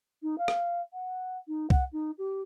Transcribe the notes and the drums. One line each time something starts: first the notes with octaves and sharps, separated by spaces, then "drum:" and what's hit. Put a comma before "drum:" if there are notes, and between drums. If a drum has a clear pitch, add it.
D#4
F5
drum: rim click
F#5
D#4
F#5, drum: kick C2
D#4
G4